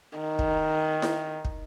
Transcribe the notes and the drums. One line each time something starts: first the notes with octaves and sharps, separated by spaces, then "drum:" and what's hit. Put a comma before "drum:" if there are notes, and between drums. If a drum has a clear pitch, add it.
D#3
drum: kick
drum: snare E4
drum: kick